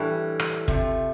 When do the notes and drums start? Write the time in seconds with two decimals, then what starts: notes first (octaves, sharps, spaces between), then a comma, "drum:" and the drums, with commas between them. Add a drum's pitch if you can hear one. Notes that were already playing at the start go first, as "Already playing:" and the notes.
Already playing: A2 E3 G3 D4 A4
0.40 drum: rim click
0.68 C3 F3 A3, drum: kick